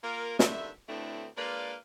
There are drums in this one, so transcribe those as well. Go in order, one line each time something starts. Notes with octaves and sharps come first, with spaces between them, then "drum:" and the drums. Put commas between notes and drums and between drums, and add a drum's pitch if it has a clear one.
A#3 F4 A#4
G2 D3 D#3 E5, drum: snare
D2 A2 A3 B3 C4 D4
G#3 A#3 D4 F4 B4 D5